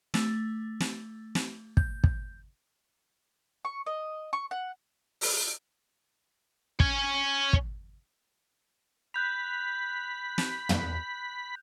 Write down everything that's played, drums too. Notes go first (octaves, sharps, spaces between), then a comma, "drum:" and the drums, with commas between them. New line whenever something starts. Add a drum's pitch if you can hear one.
A3, drum: snare
drum: snare
drum: snare
G6, drum: kick
drum: kick
C#6
D#5
C#6
F#5
drum: open hi-hat
C#5 G#5, drum: kick
drum: kick
B5 F#6 G6 F7
drum: snare
drum: tom